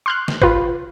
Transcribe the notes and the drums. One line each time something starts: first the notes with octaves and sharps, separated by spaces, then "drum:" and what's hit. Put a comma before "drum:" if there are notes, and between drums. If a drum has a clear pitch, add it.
C6 F6 F#6
drum: snare
F4 B4, drum: kick